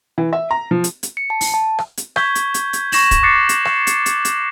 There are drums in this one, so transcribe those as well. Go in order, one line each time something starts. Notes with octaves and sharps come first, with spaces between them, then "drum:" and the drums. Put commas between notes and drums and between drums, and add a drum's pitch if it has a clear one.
E3
E5
A#5
F3
drum: hi-hat
drum: hi-hat
C#7
A5
drum: open hi-hat
A5
drum: rim click
drum: hi-hat
C#6 G6 G#6 B6 G7, drum: rim click
drum: hi-hat
drum: hi-hat
drum: hi-hat
C#6 A#6 E7 F#7, drum: open hi-hat
drum: kick, hi-hat
D6 F#6 A6 A#6 C7 C#7
drum: hi-hat
C#6, drum: rim click
drum: hi-hat
drum: hi-hat
drum: hi-hat